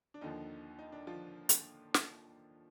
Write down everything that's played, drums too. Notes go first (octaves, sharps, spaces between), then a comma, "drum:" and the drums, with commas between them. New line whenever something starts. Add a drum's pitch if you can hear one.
D4
D#2 D3 F3 D#4
D#4
D4
F3 F4
drum: hi-hat
drum: snare